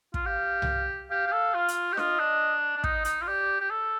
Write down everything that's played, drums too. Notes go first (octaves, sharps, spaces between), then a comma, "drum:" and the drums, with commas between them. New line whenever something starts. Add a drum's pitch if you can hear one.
F4, drum: kick
G4 F5
drum: tom C2
G4 F5
G4
A4
F4
drum: hi-hat
G4
F4 D#5, drum: snare D4
D4
D4
D#4 D#5, drum: kick
D#4, drum: hi-hat
F4
G4 D5
G4
A4